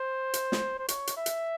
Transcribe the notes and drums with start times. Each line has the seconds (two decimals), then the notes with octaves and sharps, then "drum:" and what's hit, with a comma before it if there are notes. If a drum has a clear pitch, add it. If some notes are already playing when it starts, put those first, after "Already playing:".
Already playing: C5
0.34 drum: hi-hat
0.52 drum: snare
0.79 C5
0.88 C#5, drum: hi-hat
1.07 drum: hi-hat
1.17 E5
1.26 drum: hi-hat